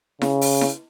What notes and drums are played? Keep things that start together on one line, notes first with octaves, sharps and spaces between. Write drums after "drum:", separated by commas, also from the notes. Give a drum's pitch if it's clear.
C#3, drum: snare E4
drum: open hi-hat
drum: snare E4